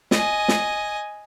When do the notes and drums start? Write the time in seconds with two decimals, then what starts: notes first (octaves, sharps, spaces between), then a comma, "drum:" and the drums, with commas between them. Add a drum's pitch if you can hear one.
0.11 D#5 G#5, drum: snare
0.48 drum: snare